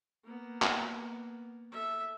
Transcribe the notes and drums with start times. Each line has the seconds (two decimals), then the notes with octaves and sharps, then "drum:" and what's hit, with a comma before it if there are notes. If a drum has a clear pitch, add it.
0.24 A#3 B3
0.62 drum: clap
1.71 A4 E5